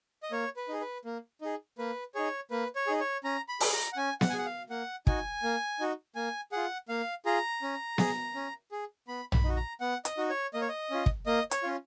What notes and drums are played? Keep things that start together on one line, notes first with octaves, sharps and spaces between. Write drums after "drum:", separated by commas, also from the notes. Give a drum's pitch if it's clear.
D#5
A#3 C#5
B4
D#4 G#4
B4
A#3
D#4 G#4
A#3 B4
D#4 G#4 C#5
A#3 B4
C#5
D#4 G#4
C#5
C#4 A#5
B5
G#4, drum: open hi-hat
A#5
F#5
C#4 G#5
F#5, drum: snare B3
G#5
G#4 F#5
F5
A#3 F#5
D#4 F#4 G#5, drum: kick
A#3
D#4 F#4
A#3 G#5
F4 G#4 F#5
A#3 F5
F4 G#4 A#5
C#4
G#4, drum: snare B3
C#4
G#4
B3 B5
B5, drum: tom A#1
D#4 F#4
A#5
B3 F#5
D#5, drum: hi-hat
D#4 F#4
C#5
A#3 D#5
C#5
D#5
C#4 F4
drum: kick
A#3 D#5
C#5, drum: hi-hat
C#4 F4